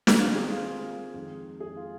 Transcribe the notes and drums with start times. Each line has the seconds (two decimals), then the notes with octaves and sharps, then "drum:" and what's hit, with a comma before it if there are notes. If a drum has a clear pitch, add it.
0.07 drum: snare
0.20 D#3 C4 D#4 F4 A#4
0.35 G#4
0.51 F4
0.67 F4
1.14 F2 D#3 G#3
1.60 G#4
1.76 F4